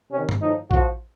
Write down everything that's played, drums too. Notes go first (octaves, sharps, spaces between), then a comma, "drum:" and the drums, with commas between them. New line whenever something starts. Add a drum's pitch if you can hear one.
C3 D#3 C#4
drum: tom
A2 F3 D#4
A2 F3 F#4, drum: kick